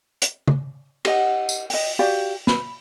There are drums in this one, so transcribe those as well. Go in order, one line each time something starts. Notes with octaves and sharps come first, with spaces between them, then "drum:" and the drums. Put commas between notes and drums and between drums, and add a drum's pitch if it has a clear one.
drum: hi-hat
drum: tom
G4 D#5 F#5, drum: cymbal
drum: tambourine
D#5 G5, drum: open hi-hat
F#4 G4 D5 F5
B5, drum: snare